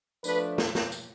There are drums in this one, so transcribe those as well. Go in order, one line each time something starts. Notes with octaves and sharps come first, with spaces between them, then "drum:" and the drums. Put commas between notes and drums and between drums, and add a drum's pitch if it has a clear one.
F3 A3 D4 B4, drum: tambourine
drum: snare
drum: snare
drum: tambourine